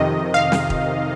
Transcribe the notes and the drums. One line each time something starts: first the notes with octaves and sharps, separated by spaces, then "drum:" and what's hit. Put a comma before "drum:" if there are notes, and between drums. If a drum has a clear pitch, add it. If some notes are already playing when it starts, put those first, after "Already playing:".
Already playing: F2 C3 D#3 D#5
F5
drum: snare
drum: kick